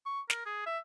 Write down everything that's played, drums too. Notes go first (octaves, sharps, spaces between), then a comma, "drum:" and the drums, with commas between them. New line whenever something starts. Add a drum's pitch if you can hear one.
C#6
A#4, drum: snare
G#4
E5